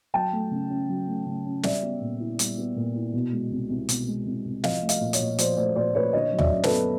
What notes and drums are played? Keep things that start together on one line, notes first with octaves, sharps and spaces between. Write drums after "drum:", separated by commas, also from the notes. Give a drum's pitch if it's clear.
F#3 G5 A5
A3
C#3
C#4
F#3
A3
C#3
C#4
G3 D5 E5, drum: snare
B3
A#2
E4
G3, drum: hi-hat
B3
A#2
E4
B2
G#3
C2
C2
B2, drum: hi-hat
G#3
C2
C2
F3 D#5 F5, drum: snare
A3
D#5 F5, drum: hi-hat
A#2
C#5 D#5, drum: hi-hat
A#2
F3 C5 D5, drum: hi-hat
A3 C5 D5
A#2 C5 D5
A#2 B4 C#5
D3 C#5 D#5
F#3
D5 E5, drum: tom
F#2
A4 B4, drum: snare
B3